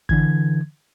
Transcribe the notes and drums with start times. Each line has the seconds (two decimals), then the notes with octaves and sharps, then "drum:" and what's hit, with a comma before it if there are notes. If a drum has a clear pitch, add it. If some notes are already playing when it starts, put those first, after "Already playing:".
0.09 D3 E3 G#6, drum: kick